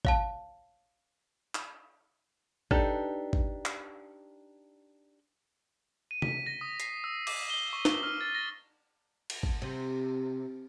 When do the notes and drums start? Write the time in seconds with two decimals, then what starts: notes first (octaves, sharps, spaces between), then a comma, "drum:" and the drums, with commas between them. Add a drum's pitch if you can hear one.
0.05 C#5 F5 A5, drum: kick
1.55 drum: clap
2.71 D4 D#4 G4 A4 B4, drum: kick
3.33 drum: kick
3.66 drum: clap
6.11 D#7
6.22 B6, drum: tom C3
6.46 A#6
6.61 D#6
6.80 C7, drum: hi-hat
7.04 E6
7.27 D6, drum: cymbal
7.50 G7
7.73 C#6
7.85 drum: snare
8.03 F6
8.21 A6
8.35 A#6
9.30 drum: cymbal
9.43 drum: kick
9.62 C3